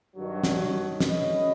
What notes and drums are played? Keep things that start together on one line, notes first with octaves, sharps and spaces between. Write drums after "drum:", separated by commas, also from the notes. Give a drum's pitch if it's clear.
G2 D#3 F#3
drum: snare
G#3 C#4 F#4 B4 D#5, drum: snare